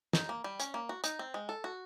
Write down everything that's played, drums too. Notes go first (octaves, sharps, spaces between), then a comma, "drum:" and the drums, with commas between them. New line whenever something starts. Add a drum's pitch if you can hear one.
D#4, drum: snare
A#3
G3
C#4, drum: hi-hat
A#3
F#4
D#4, drum: hi-hat
C4
G#3
A4
F#4